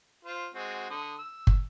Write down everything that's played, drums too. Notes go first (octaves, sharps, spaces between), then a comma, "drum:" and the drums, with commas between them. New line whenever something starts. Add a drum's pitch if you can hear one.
F4 C5
G#3 C4 F#4
D3 D#6
E6
drum: kick